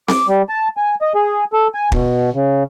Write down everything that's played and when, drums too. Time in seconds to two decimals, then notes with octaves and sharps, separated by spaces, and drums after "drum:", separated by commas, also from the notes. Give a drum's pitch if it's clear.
0.08 D6, drum: snare C4
0.28 G3
0.49 A5
0.77 G#5
1.02 D#5
1.15 G#4
1.53 A4
1.75 G#5
1.92 B2, drum: kick
2.34 C#3